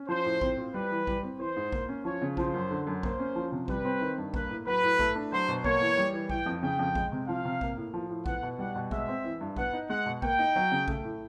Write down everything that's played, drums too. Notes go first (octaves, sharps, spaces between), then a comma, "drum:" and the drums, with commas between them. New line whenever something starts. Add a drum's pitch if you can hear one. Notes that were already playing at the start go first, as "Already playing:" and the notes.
Already playing: C#4
F3 C5
A2
C4, drum: kick A#1
F4
G3 B4
E3
G3, drum: kick A#1
C4
E3 C5
G#2
A#3, drum: kick A#1
C#4
F3 C#5
C#3
F3 C5, drum: kick A#1
F#2
D3
F#2
A#3 C5, drum: kick A#1
C#4
F3
C3
G3 B4, drum: kick A#1
C4
D#3
G2
A#3 B4, drum: kick A#1
A2
F#3 B4
A2
A3, drum: kick A#1
D4
F#3 C5
B2
A#3 C#5, drum: kick A#1
E3
G3
E3
E3 G5, drum: kick A#1
F2
C#3 G5
F2
G#3, drum: kick A#1
C3
F3 F5
C3
A#3, drum: kick A#1
A2
F3
A2
B3 F#5, drum: kick A#1
B2
G3 F#5
B2
G#3 E5, drum: kick A#1
C4
E3
G2
B3 F#5, drum: kick A#1
D#4
G#3 F#5
B2
A#3 G5, drum: kick A#1
D#4
F#3
C#3
A3, drum: kick A#1
A2